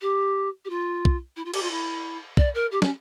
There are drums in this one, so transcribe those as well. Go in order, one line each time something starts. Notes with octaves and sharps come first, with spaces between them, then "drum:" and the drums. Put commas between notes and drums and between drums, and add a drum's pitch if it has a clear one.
G4
G4
F4
drum: kick
E4
F4
G4, drum: cymbal
F4
E4
D5, drum: kick
A#4
G4
C#4, drum: snare